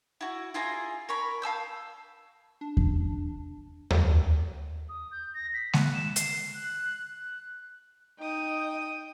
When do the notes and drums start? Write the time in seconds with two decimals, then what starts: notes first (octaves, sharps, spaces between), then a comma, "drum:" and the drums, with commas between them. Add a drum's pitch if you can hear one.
0.21 E4 F#4
0.54 E4 F4 G#4 A#5
1.09 A#4 C#5 B5
1.42 F5 A5 E6 G6
2.61 D4
2.77 drum: kick E2
3.90 drum: tom D#2
4.89 D#6
5.11 G6
5.34 A#6
5.54 B6
5.73 F#6, drum: snare G#3
5.94 E7
6.16 C7, drum: hi-hat
6.54 F#6
7.16 F#6
8.19 D#4 D#5 G5 D#6